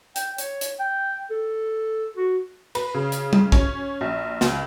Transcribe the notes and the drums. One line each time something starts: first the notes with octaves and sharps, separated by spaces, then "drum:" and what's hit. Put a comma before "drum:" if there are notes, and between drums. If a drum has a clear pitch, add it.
G5, drum: hi-hat
C#5, drum: hi-hat
drum: hi-hat
G5
A4
F#4
B4, drum: cymbal
C#3
drum: hi-hat
drum: tom
C#4, drum: kick
A#1
C#2, drum: snare